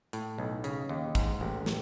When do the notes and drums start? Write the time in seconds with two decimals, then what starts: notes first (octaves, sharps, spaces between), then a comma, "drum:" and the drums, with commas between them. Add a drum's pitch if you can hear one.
0.13 A2, drum: hi-hat
0.38 B1
0.64 C#3, drum: hi-hat
0.89 D#2
1.15 G#2, drum: kick, hi-hat
1.41 A1
1.66 drum: snare